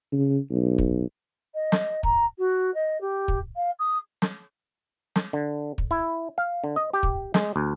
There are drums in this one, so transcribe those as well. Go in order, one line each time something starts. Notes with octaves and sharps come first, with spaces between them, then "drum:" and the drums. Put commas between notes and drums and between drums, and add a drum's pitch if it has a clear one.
C#3
B1
drum: kick
D#5
drum: snare
A#5, drum: kick
F#4
D#5
G4
drum: kick
F5
D#6
drum: snare
drum: snare
D3
drum: kick
E4
F5
D3
D#5
G4
drum: kick
G#3, drum: snare
D2